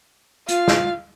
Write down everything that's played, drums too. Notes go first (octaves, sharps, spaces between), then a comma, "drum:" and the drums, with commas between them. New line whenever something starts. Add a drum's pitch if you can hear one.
F4 F5, drum: hi-hat
drum: snare